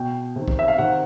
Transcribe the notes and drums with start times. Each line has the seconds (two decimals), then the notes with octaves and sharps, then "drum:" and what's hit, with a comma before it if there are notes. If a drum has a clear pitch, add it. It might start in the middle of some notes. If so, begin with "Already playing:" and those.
Already playing: B2 G5
0.36 C3 D#3
0.48 drum: kick B1
0.59 E5
0.68 F5
0.78 C3 D#3 F#5